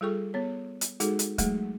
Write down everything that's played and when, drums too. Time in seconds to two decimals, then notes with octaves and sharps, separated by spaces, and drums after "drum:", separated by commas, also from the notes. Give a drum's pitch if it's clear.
0.01 G3 F4 G#4 A4 G5 C#6
0.34 B3 C#5
0.81 drum: hi-hat
1.00 G#3 D#4 F#4 G#4 A4, drum: hi-hat
1.19 drum: hi-hat
1.38 F#3 G#3 A3 G#4, drum: kick, hi-hat